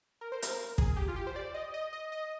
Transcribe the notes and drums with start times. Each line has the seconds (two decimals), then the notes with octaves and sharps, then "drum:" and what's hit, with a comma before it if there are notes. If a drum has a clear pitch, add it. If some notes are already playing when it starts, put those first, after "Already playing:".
0.21 A#4
0.32 C5
0.42 A#4, drum: hi-hat
0.78 G#4, drum: kick
0.96 G4
1.08 F4
1.16 G4
1.27 C5
1.36 D5
1.54 D#5
1.74 D#5
1.93 D#5
2.12 D#5